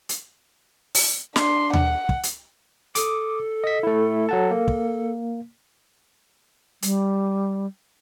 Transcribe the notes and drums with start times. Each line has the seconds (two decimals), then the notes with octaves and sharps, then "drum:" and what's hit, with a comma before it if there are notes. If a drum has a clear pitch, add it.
0.09 drum: hi-hat
0.95 drum: open hi-hat
1.36 D4 C6, drum: snare
1.73 F#5, drum: tom D#2
2.09 drum: kick
2.23 drum: hi-hat
2.95 A4 D6 D#6, drum: hi-hat
3.64 D#5 B6
3.83 A3 E4
4.29 F#3 F#5 A5
4.51 A#3
4.68 drum: kick
6.82 G3, drum: hi-hat